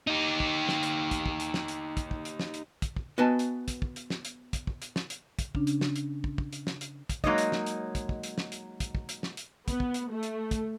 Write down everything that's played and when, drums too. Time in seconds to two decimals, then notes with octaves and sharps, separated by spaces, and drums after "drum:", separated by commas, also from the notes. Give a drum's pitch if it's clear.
0.07 D#4 G4
0.40 drum: kick
0.69 drum: snare
0.83 drum: hi-hat
1.11 drum: kick, hi-hat
1.26 drum: kick
1.40 drum: hi-hat
1.54 drum: snare
1.68 drum: hi-hat
1.97 drum: kick, hi-hat
2.11 drum: kick
2.25 drum: hi-hat
2.40 drum: snare
2.54 drum: hi-hat
2.82 drum: kick, hi-hat
2.96 drum: kick
3.18 B3 F#4 B4 D#5 G#5 A5
3.39 drum: hi-hat
3.68 drum: kick, hi-hat
3.82 drum: kick
3.96 drum: hi-hat
4.10 drum: snare
4.25 drum: hi-hat
4.53 drum: kick, hi-hat
4.67 drum: kick
4.82 drum: hi-hat
4.96 drum: snare
5.10 drum: hi-hat
5.39 drum: kick, hi-hat
5.55 C#3 C#4 D4, drum: kick
5.67 drum: hi-hat
5.81 drum: snare
5.96 drum: hi-hat
6.24 drum: kick
6.38 drum: kick
6.53 drum: hi-hat
6.67 drum: snare
6.81 drum: hi-hat
7.09 drum: kick, hi-hat
7.24 F#3 G#3 A#3 D#4 C#5 D#5, drum: kick
7.38 drum: hi-hat
7.52 drum: snare
7.66 drum: hi-hat
7.95 drum: kick, hi-hat
8.09 drum: kick
8.23 drum: hi-hat
8.38 drum: snare
8.52 drum: hi-hat
8.80 drum: kick, hi-hat
8.95 drum: kick
9.09 drum: hi-hat
9.23 drum: snare
9.37 drum: hi-hat
9.68 B3, drum: kick, hi-hat
9.80 drum: kick
9.94 drum: hi-hat
10.12 A3
10.23 drum: hi-hat
10.51 drum: kick, hi-hat